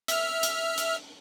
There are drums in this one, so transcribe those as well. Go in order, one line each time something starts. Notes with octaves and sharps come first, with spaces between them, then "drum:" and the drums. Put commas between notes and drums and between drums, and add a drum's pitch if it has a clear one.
E5 F6, drum: hi-hat
drum: hi-hat
drum: hi-hat